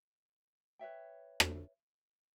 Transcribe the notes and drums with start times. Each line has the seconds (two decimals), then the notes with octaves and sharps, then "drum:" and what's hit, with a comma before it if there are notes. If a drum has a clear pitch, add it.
0.79 B4 C#5 E5 G5
1.40 drum: rim click